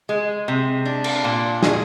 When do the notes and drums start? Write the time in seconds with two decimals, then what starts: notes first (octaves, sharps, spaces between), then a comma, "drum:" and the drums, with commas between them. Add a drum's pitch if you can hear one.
0.09 G#3
0.48 C3
0.85 D4
1.04 drum: cymbal
1.24 A#2
1.63 G#4, drum: snare